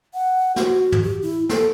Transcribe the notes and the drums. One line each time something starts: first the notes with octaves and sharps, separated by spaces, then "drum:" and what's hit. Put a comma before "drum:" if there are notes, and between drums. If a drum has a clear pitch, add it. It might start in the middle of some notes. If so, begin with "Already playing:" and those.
F#5
F#4, drum: snare
drum: tom
G4
E4
A4, drum: snare